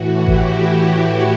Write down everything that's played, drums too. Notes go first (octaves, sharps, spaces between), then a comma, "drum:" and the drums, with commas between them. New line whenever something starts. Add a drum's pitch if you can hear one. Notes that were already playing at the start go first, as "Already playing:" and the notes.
Already playing: A2 E3 F#4
E4 G4, drum: kick G#1